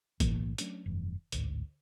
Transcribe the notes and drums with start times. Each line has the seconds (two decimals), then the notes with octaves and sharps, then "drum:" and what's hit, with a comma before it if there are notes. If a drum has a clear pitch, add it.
0.20 B1 A2 E3 A#3, drum: kick, hi-hat
0.58 F#3 A3 C#4 D4, drum: hi-hat
0.86 F1 G2 E3
1.32 A1 D2 G#2, drum: hi-hat